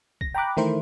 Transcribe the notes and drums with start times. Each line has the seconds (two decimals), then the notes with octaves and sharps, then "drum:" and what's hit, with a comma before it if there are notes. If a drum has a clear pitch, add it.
0.21 A#6, drum: kick
0.35 G5 A#5 B5 D6 F#6
0.57 D#3 E3 A3 E4 A#4 C5